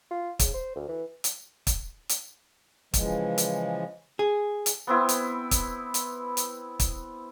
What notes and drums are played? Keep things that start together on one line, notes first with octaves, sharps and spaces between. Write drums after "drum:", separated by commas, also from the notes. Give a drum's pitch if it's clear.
F4
C#3, drum: kick, hi-hat
C5
D2
E3
drum: hi-hat
drum: kick, hi-hat
drum: hi-hat
C#3 E3 F3 G#3, drum: kick, hi-hat
drum: hi-hat
G#4
drum: hi-hat
B3 C4 E4
drum: hi-hat
drum: kick, hi-hat
drum: hi-hat
drum: hi-hat
drum: kick, hi-hat